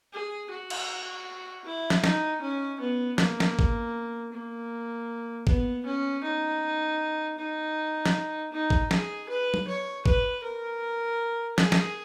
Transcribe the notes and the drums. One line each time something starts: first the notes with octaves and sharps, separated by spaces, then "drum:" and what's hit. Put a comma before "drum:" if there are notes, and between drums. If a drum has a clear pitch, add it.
G#4
F#4
drum: cymbal
E4
drum: snare
D#4, drum: snare
C#4
B3
A#3, drum: snare
drum: snare
drum: kick
A#3
B3, drum: kick
C#4
D#4
D#4
drum: snare
D#4
drum: kick
G#4, drum: snare
B4
drum: tom F#3
C#5
B4, drum: kick
A#4
G#4, drum: snare
drum: snare